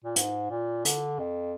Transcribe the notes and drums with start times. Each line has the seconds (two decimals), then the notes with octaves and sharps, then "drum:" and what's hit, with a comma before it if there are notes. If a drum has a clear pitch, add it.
0.04 A#2
0.16 G#2, drum: hi-hat
0.50 A#2
0.85 D3, drum: hi-hat
1.19 F2